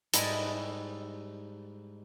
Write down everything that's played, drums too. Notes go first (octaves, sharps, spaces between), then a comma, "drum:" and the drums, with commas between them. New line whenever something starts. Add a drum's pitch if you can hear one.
G#2 G3 E4 D#5 A5, drum: hi-hat